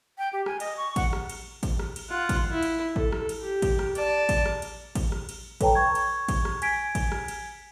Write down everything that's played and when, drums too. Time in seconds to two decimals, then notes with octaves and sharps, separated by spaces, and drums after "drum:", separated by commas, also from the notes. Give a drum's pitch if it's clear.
0.18 G5
0.33 G4
0.46 G#5, drum: rim click
0.60 D#5, drum: cymbal
0.77 C#6
0.96 F#5, drum: kick A1, cymbal
1.13 drum: rim click
1.30 drum: cymbal
1.63 drum: kick A1, cymbal
1.79 drum: rim click
1.96 drum: cymbal
2.10 F4 F#5
2.29 drum: kick A1, cymbal
2.51 E4
2.63 drum: cymbal
2.96 A4, drum: kick A1
3.12 drum: rim click
3.29 drum: cymbal
3.42 G4
3.62 drum: kick A1, cymbal
3.79 drum: rim click
3.95 D5 A5, drum: cymbal
4.29 drum: kick A1, cymbal
4.46 drum: rim click
4.62 drum: cymbal
4.95 drum: kick A1, cymbal
5.12 drum: rim click
5.29 drum: cymbal
5.61 A4 B4 C#5 G5 A5 A#5, drum: kick A1, cymbal
5.75 C#6 G#6
5.95 drum: cymbal
6.29 drum: kick A1, cymbal
6.45 drum: rim click
6.62 G#5 G#6 B6 D7, drum: cymbal
6.95 drum: kick A1, cymbal
7.12 drum: rim click
7.28 drum: cymbal